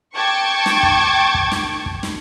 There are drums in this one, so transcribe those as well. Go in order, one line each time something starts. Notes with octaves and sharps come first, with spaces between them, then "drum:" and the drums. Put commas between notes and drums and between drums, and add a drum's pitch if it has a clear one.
G5 A5 C#6 D6 G#6
drum: snare
drum: kick
drum: kick
drum: snare
drum: kick
drum: snare